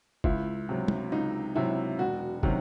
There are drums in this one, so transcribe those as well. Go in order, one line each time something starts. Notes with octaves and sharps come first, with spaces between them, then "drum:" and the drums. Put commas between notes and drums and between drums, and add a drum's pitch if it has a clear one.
C#2 E4, drum: kick
C3 F#3
drum: tom
C#2 D#4
C3 F#3 E4
E1 F#4
C3 D#3 F#3, drum: kick